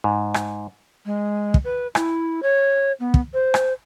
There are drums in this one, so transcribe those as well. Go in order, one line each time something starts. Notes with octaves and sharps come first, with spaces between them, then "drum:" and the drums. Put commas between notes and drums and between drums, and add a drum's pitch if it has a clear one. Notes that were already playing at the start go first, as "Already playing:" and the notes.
G#2
drum: rim click
G#3
drum: kick
B4
E4, drum: rim click
C#5
B3
drum: kick
C5
drum: rim click